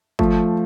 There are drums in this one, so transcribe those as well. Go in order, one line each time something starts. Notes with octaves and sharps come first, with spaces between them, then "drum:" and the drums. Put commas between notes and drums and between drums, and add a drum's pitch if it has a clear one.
F3 A3, drum: kick